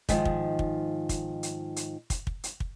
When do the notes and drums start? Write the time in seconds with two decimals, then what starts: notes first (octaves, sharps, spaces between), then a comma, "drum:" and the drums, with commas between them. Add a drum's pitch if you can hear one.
0.09 G#2 D#3 F3, drum: kick, hi-hat
0.25 drum: kick
0.59 drum: kick
1.09 drum: kick, hi-hat
1.43 drum: hi-hat
1.76 drum: hi-hat
2.10 drum: kick, hi-hat
2.27 drum: kick
2.44 drum: hi-hat
2.60 drum: kick